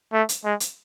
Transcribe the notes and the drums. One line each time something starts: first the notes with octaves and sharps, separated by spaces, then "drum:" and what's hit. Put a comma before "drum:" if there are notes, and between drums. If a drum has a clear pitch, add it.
A3
drum: hi-hat
G#3
drum: hi-hat